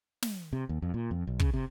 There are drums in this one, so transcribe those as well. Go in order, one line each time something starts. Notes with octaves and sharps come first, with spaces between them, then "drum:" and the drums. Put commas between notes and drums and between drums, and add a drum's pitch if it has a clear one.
drum: snare
C3
D#2
F2
A#2
F2
B1
C#3, drum: kick
C3